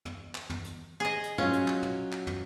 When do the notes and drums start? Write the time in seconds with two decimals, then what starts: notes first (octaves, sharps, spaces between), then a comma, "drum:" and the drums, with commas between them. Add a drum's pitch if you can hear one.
0.05 drum: tom
0.35 drum: clap
0.50 drum: tom
0.64 drum: hi-hat
1.00 G#4 D#5
1.23 drum: hi-hat
1.38 F#3 C#4 F4
1.53 drum: hi-hat
1.68 drum: clap
1.83 drum: tom
2.12 drum: clap
2.27 drum: tom